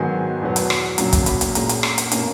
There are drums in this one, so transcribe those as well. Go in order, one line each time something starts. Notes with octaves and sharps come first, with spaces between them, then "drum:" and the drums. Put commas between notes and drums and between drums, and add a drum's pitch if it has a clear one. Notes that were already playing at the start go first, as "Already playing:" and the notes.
Already playing: G#2 D#3 F#3 B3 G#5
E2 B2 F#3 B3
drum: hi-hat
drum: rim click
A#2 F#3 C#4 A#5, drum: hi-hat
drum: kick, hi-hat
B5, drum: hi-hat
drum: hi-hat
A#2 G#3 C#4 A#5, drum: hi-hat
drum: hi-hat
A#5, drum: rim click
drum: hi-hat
B2 A#3 C#4 A#5, drum: hi-hat